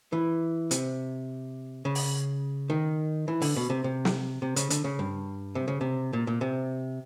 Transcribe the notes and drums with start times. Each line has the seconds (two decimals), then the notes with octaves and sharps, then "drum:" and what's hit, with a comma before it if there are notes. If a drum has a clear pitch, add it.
0.12 E3
0.71 C3, drum: hi-hat
1.85 C#3
1.95 drum: open hi-hat
2.70 D#3
3.28 E3
3.42 D3, drum: open hi-hat
3.56 B2
3.70 C3
3.84 C3
4.05 drum: snare
4.42 C3
4.56 C#3, drum: hi-hat
4.70 D3, drum: hi-hat
4.84 C#3
4.99 G2
5.55 C3
5.68 C#3
5.81 C3
6.13 A#2
6.27 A#2
6.41 C3